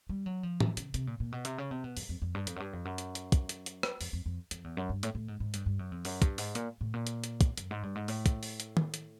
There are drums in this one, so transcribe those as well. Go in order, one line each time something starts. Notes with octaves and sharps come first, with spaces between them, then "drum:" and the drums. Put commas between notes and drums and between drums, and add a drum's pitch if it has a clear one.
G3
F#3
F3
E3, drum: tom A2
C#3, drum: hi-hat
C3, drum: hi-hat
A#2
A#2
B2
C3, drum: hi-hat
C#3
C3
B2
F#2, drum: open hi-hat
F2
F2
G2
F2, drum: hi-hat
F#2
G2
F2
F#2
drum: hi-hat
drum: hi-hat
drum: kick, hi-hat
drum: hi-hat
drum: hi-hat
drum: rim click
F2, drum: open hi-hat
F2
F2
F2, drum: hi-hat
E2
F#2
G2
A2, drum: hi-hat
A2
G#2
G#2
G2, drum: hi-hat
G2
F#2
F2
F#2, drum: open hi-hat
G2, drum: kick, hi-hat
G#2, drum: open hi-hat
A#2, drum: hi-hat
A2
A#2
drum: hi-hat
drum: hi-hat
drum: kick, hi-hat
F#2, drum: hi-hat
G#2
G2
G#2
A2, drum: open hi-hat
drum: kick, hi-hat
drum: open hi-hat
drum: hi-hat
drum: tom
drum: hi-hat